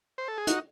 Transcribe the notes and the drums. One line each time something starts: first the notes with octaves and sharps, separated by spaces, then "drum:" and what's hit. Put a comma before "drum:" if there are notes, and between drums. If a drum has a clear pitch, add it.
C5
A4
G#4
D#4 F#4, drum: hi-hat